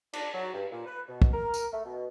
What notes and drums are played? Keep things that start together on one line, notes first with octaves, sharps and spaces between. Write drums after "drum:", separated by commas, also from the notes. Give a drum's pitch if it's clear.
D4, drum: cymbal
F#3
G2
A#2
B4
B2
drum: kick
A#4
drum: tambourine
A3
B2